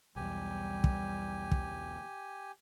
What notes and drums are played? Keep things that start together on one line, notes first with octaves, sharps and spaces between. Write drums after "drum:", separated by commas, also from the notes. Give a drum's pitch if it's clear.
B1 E2 G3 G4 G#5
drum: kick
drum: kick